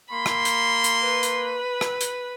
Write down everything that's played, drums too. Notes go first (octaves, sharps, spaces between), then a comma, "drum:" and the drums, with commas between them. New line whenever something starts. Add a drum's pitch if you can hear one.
A#3 B5 C6
drum: rim click
drum: hi-hat
drum: hi-hat
B4
drum: hi-hat
drum: rim click
drum: hi-hat